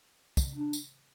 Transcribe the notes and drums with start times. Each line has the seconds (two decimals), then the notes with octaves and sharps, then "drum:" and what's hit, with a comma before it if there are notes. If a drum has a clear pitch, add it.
0.37 drum: kick, tambourine
0.55 D4
0.73 drum: tambourine